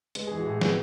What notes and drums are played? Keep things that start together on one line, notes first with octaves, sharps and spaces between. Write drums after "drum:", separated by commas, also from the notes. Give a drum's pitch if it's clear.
G#3 B4, drum: hi-hat
G#4
E3
F#4
A2 G#4
B3 B4, drum: snare